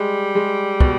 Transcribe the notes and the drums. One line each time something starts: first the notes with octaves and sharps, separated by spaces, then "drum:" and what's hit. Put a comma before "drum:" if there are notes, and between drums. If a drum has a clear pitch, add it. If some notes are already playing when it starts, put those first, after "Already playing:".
Already playing: G3 G#3
G#3
B2, drum: kick